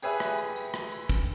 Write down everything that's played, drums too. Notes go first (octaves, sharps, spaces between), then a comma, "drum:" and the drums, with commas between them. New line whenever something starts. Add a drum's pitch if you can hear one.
G4 G#4 B4 E5 G#5, drum: tambourine
drum: rim click
drum: tambourine
drum: tambourine
drum: rim click
drum: tambourine
drum: kick, tambourine